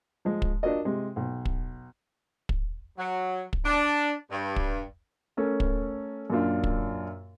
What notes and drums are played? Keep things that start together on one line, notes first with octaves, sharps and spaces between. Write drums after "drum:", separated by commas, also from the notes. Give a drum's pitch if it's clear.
F3 G#3
drum: kick
D4 F4 F#4 A#4 D#5
C3 G#3
B1
drum: kick
drum: kick
F#3
drum: kick
D4
G2
drum: kick
A3 C#4 A4 A#4
drum: kick
F#2 A#2 A#3 D4 F4
drum: kick